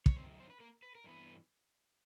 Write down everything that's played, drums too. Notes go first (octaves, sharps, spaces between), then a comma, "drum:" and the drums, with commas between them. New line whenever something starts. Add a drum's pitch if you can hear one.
C#5, drum: kick
F#2 D#3 C4 C5
C5
B4
A#3 A#4
B4
A#4
G2 E3 B3 B4